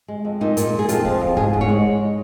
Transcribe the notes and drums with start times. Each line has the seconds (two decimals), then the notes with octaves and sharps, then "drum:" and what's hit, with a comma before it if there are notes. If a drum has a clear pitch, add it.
0.08 G#3
0.25 F2
0.41 A#2 D#4
0.57 A#2, drum: hi-hat
0.73 G#3
0.79 G#4
0.89 F2 F4, drum: hi-hat
1.05 F3, drum: kick
1.20 F2
1.37 G#2 G#4, drum: kick
1.53 G#2
1.61 C#5
1.69 G#3